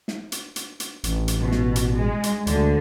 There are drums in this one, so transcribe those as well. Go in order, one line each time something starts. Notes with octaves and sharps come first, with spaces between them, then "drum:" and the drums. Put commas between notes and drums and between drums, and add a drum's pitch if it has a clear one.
drum: snare
drum: hi-hat
drum: hi-hat
drum: hi-hat
A1, drum: hi-hat
drum: hi-hat
B2
drum: snare
drum: hi-hat
G#3
drum: hi-hat
D2 D3, drum: hi-hat